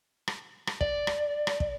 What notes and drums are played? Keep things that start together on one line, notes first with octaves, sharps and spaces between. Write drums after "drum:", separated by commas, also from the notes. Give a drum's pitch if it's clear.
drum: rim click
drum: rim click
D5, drum: kick
drum: rim click
drum: rim click
drum: kick